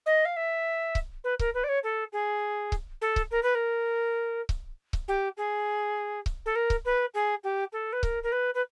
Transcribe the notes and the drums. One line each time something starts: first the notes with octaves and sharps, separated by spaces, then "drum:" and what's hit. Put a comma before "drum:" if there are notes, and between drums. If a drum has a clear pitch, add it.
D#5
F5
E5
drum: kick C#1
B4
A#4, drum: kick C#1
B4
D5
C#5
A4
G#4
drum: kick C#1
A4
drum: kick C#1
A#4
B4
A#4
drum: kick C#1
drum: kick C#1
G4
G#4
drum: kick C#1
A4
A#4
drum: kick C#1
B4
G#4
G4
A4
B4
A#4, drum: kick C#1
A#4
B4
B4